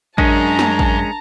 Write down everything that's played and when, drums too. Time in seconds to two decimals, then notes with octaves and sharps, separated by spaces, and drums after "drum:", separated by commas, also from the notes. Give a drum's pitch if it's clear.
0.18 F#2 G#3 C#4 D4 A#4 A5 A#5, drum: kick A1
0.59 drum: snare
0.79 drum: kick A1